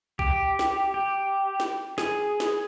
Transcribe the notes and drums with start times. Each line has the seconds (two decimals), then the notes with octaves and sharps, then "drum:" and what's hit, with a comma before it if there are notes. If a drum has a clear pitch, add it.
0.19 G4, drum: kick B1
0.59 drum: snare
0.94 G4
1.60 drum: snare
1.98 G#4, drum: snare
2.40 drum: snare